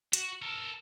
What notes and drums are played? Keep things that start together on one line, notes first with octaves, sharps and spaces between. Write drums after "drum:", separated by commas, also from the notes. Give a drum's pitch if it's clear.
F#4, drum: hi-hat
A4 A#4